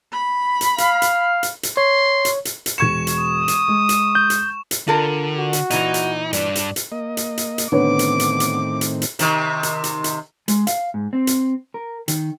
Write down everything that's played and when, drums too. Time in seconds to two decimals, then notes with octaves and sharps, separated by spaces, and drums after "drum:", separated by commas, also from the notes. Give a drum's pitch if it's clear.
0.12 B5
0.61 drum: hi-hat
0.78 F5, drum: hi-hat
1.02 drum: hi-hat
1.43 drum: hi-hat
1.63 drum: hi-hat
1.77 C#5 C6
2.25 drum: hi-hat
2.45 drum: hi-hat
2.66 drum: hi-hat
2.78 E1 C#6 G#6 C#7 E7
3.07 drum: hi-hat
3.19 D#6
3.48 drum: hi-hat
3.68 G#3
3.89 drum: hi-hat
4.15 G6
4.30 drum: hi-hat
4.71 drum: hi-hat
4.88 D3 F4 A4 A#4
5.38 F#4
5.53 drum: hi-hat
5.70 A#2 E3 D#4, drum: hi-hat
5.94 drum: hi-hat
6.33 G2 D4 D5, drum: hi-hat
6.55 drum: hi-hat
6.76 drum: hi-hat
6.92 A#3 D#5
7.17 drum: hi-hat
7.38 drum: hi-hat
7.58 drum: hi-hat
7.72 A2 D3 D#3 B3 C4 C#5 D6
7.99 drum: hi-hat
8.20 drum: hi-hat
8.40 drum: hi-hat
8.81 drum: hi-hat
9.02 drum: hi-hat
9.19 C3 D#3, drum: hi-hat
9.63 drum: hi-hat
9.84 drum: hi-hat
10.04 drum: hi-hat
10.48 G#3, drum: hi-hat
10.67 F5, drum: hi-hat
10.94 G#2
11.13 C4
11.27 drum: hi-hat
11.74 A#4
12.08 D#3, drum: hi-hat